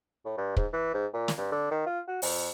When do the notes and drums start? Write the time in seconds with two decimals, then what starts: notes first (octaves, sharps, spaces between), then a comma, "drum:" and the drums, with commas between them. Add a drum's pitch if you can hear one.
0.25 A2
0.37 G2
0.57 G#2, drum: kick
0.73 E3
0.94 G#2
1.13 A#2
1.28 drum: snare
1.37 G2
1.52 D3
1.71 D#3
1.86 F4
2.07 F#4
2.22 F2, drum: open hi-hat